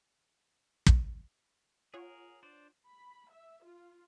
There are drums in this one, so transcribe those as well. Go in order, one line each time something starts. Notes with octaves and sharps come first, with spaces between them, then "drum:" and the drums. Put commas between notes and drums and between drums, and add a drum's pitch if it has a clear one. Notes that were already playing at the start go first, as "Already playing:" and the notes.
drum: kick
F4 G#4 A#4 C#5 F#5
D4 C5 D5
B5
E5
F4